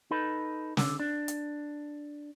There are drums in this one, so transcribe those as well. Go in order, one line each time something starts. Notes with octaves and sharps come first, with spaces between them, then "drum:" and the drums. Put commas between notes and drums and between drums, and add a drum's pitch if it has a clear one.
D#4 A4 B4
D3, drum: snare
D4
drum: hi-hat